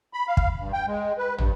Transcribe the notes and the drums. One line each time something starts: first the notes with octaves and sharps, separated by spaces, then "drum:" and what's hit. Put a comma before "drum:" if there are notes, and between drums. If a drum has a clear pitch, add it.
B5
F5
drum: kick
G2
G5
G#3
B4
G2, drum: tom